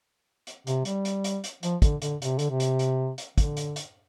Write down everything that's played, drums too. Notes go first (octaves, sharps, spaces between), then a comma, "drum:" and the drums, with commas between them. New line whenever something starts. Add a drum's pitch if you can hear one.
drum: hi-hat
C3, drum: hi-hat
G3, drum: hi-hat
drum: hi-hat
drum: hi-hat
drum: hi-hat
F3, drum: hi-hat
D3, drum: kick, hi-hat
D3, drum: hi-hat
C3, drum: hi-hat
D3, drum: hi-hat
C3
drum: hi-hat
drum: hi-hat
drum: hi-hat
D3, drum: kick, hi-hat
drum: hi-hat
drum: hi-hat